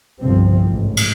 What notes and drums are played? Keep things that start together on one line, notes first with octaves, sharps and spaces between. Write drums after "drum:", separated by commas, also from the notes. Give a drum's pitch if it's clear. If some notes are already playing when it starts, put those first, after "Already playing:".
G1 C2 G2 C3 F3 C4
A1 G#2
drum: cymbal